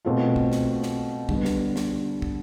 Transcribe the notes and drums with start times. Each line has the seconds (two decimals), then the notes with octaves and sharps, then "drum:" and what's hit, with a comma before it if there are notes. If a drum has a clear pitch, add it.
0.05 B2 A3 C4 F4
0.36 drum: kick
0.52 drum: snare
0.83 drum: snare
1.29 D3 G3 B3, drum: kick
1.45 drum: snare
1.76 drum: snare
2.22 drum: kick